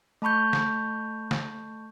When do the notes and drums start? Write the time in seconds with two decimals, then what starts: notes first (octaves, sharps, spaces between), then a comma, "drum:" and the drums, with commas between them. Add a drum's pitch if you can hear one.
0.22 A3 A5 B5 C#6 G6
0.53 drum: snare
1.31 drum: snare